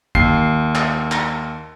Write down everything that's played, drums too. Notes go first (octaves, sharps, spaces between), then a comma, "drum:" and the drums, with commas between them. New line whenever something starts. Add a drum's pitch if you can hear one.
D#2 C7, drum: kick
drum: clap
drum: clap